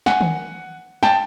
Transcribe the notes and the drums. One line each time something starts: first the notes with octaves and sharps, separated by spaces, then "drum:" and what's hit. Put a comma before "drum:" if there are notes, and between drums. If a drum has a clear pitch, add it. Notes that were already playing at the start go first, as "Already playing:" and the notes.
F#5 G#5, drum: snare
drum: tom D#3
G5 A5, drum: snare